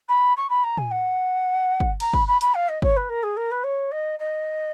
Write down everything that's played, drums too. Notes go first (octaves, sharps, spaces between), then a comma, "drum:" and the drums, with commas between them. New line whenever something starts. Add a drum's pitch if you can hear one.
B5
C#6
B5
A#5
G#5, drum: tom
F#5
drum: kick
A#5, drum: cymbal
B5, drum: kick
B5
B5, drum: hi-hat
F5
D#5
C#5, drum: kick
B4
A#4
G#4
A#4
B4
C#5
D#5
D#5